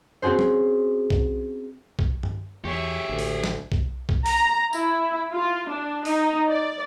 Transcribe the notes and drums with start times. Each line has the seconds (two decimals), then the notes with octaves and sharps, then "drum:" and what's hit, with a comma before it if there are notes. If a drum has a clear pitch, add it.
0.22 C4 C#4 F#4 G#4 C5
0.39 drum: tom
1.10 drum: kick B1
1.99 drum: kick B1
2.23 drum: tom G2
2.65 E2 G4 G#4 C#5 E5
3.09 A1 D2
3.19 drum: open hi-hat
3.44 drum: snare
3.72 drum: kick B1
4.09 drum: kick B1
4.26 A#5, drum: open hi-hat
4.73 E4, drum: tambourine
5.32 F4
5.71 D4
6.05 D#4, drum: open hi-hat
6.49 D5